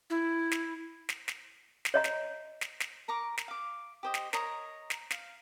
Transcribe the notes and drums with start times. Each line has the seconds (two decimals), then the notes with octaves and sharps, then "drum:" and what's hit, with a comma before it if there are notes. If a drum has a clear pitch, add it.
0.10 E4
0.51 drum: snare
1.09 drum: snare
1.28 drum: snare
1.85 drum: snare
1.94 C#5 D#5 A#5
2.04 drum: snare
2.61 drum: snare
2.80 drum: snare
3.08 A#4 A#5 C#6 D6
3.37 drum: snare
3.48 F5 D6
4.03 G4 C5 D#5
4.14 drum: snare
4.33 A#4 C#5 D#5 A#5, drum: snare
4.90 drum: snare
5.10 F5, drum: snare